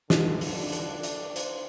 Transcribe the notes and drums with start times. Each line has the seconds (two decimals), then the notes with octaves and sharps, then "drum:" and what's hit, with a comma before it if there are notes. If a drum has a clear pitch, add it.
0.10 G#2 D3, drum: snare
0.41 drum: open hi-hat
0.50 D4
0.72 drum: hi-hat
1.03 drum: hi-hat
1.36 C5, drum: hi-hat